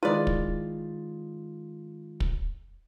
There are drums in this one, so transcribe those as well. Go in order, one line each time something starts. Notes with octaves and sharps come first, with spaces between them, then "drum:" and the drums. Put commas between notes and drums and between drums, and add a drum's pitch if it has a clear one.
D#3 G#3 E4 F4 B4 D5
drum: kick
drum: kick